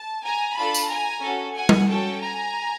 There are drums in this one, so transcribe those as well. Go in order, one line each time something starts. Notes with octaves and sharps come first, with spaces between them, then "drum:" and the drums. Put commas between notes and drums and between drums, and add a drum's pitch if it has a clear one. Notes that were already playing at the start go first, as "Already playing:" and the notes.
Already playing: A5
G#5 A#5
D4 F4 A4 A5 B5
drum: tambourine
G#5 A#5
C#4 F#4 A4
F#5 G#5
drum: tom G3
C#4 F#4 A4 G5 A5
G#5 A#5